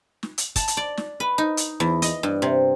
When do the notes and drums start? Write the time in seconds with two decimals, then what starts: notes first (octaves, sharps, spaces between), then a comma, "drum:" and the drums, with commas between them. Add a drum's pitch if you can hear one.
0.23 drum: snare
0.38 drum: hi-hat
0.56 A5, drum: kick, hi-hat
0.68 drum: hi-hat
0.77 D5
0.97 drum: snare
1.20 B4
1.38 D#4
1.57 drum: hi-hat
1.80 E2
2.02 D#5, drum: hi-hat
2.23 G2
2.42 C3